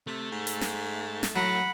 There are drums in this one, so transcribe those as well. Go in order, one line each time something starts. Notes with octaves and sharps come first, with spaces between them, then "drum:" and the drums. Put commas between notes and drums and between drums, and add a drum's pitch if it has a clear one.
C3 A3
G#2
drum: hi-hat
drum: snare
drum: snare
A2 F#3 F#5 B5